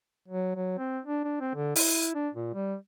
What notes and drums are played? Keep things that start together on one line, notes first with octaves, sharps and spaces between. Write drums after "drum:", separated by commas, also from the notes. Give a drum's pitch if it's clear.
F#3
F#3
C4
D4
D4
C4
D3
E4, drum: open hi-hat
D4
A#2
G3